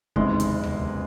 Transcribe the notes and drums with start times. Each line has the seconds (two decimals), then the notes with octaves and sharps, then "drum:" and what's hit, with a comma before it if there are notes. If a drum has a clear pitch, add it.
0.16 F#1 E2 C3 D#3 G#3, drum: kick
0.40 drum: hi-hat
0.64 drum: tom C#2